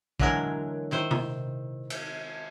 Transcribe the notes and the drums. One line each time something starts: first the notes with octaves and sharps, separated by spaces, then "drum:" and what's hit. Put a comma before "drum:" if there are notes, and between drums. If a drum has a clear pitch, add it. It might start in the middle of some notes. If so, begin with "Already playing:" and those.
D3 E3 F#3 G#3 A#4, drum: kick
D#3 E4 C5
drum: tom
drum: cymbal